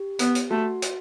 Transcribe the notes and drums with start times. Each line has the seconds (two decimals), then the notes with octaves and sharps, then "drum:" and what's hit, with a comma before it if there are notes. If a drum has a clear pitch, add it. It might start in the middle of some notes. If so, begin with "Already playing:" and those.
Already playing: G4
0.19 B3, drum: hi-hat
0.35 drum: hi-hat
0.51 A3 F#4
0.82 drum: hi-hat